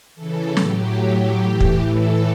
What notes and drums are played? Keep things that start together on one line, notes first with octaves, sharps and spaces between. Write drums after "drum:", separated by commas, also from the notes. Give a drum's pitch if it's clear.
C#3 E3 A4
A2 F#3 G4, drum: snare
A2 F#3
A2 E3 G4
drum: kick
A2 E3 A4